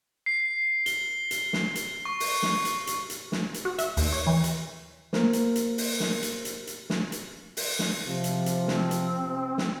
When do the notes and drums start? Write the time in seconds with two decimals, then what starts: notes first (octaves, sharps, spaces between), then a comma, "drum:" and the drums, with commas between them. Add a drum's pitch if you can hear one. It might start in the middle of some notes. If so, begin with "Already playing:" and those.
0.26 C7
0.86 G7, drum: hi-hat
1.31 drum: hi-hat
1.53 drum: snare
1.75 drum: hi-hat
2.05 C#6
2.20 drum: open hi-hat
2.43 drum: snare
2.65 drum: hi-hat
2.87 drum: hi-hat
3.10 drum: hi-hat
3.32 drum: snare
3.54 drum: hi-hat
3.65 F#4
3.78 E5, drum: hi-hat
3.97 D#2, drum: open hi-hat
4.13 C#5
4.27 E3
4.44 drum: hi-hat
5.13 A#3 A#4 C5, drum: snare
5.33 drum: hi-hat
5.56 drum: hi-hat
5.78 drum: open hi-hat
6.00 drum: snare
6.23 drum: hi-hat
6.45 drum: hi-hat
6.67 drum: hi-hat
6.90 drum: snare
7.12 drum: hi-hat
7.57 drum: open hi-hat
7.79 drum: snare
8.06 C3 F3
8.24 drum: hi-hat
8.46 drum: hi-hat
8.68 C4, drum: snare
8.91 drum: hi-hat
9.58 drum: snare